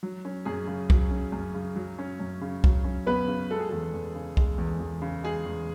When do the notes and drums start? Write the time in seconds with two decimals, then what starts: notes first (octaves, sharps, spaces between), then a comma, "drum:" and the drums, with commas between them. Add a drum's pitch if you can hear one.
0.03 F#3
0.25 C#4
0.45 F#2 G#4
0.67 C#3
0.90 F#3, drum: kick C2
1.11 C#4
1.32 F#2
1.54 C#3
1.76 F#3
1.98 C#4
2.20 F#2
2.41 C#3
2.64 F#3, drum: kick C2
2.84 C#4
3.06 F#2 B3 B4
3.28 C#3
3.50 G#3 A4
3.59 G#4
3.69 E2 A4
3.94 E2
4.15 C#3
4.37 G#3, drum: kick C2
4.58 E2
4.80 E2
5.02 C#3
5.23 G#3 G#4
5.46 E2